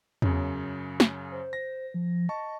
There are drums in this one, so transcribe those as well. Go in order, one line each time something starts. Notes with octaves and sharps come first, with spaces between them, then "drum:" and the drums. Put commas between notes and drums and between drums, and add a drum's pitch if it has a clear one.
F#2 C#3, drum: tom E2
drum: snare
C5
A#6
F3
D#5 A5 C#6